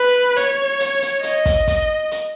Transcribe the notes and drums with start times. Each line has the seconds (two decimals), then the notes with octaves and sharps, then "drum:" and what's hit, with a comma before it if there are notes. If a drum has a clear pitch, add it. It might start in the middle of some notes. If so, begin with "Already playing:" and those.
Already playing: B4
0.37 C#5, drum: hi-hat
0.80 drum: hi-hat
1.02 drum: hi-hat
1.23 D#5, drum: hi-hat
1.46 drum: kick, hi-hat
1.67 drum: kick, hi-hat
2.11 drum: hi-hat